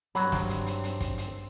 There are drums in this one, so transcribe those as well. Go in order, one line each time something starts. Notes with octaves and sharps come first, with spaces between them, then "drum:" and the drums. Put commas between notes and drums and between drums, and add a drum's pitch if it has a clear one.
G2 F#3 C4 B5, drum: hi-hat
drum: snare
drum: hi-hat
drum: hi-hat
drum: hi-hat
drum: kick, hi-hat
drum: hi-hat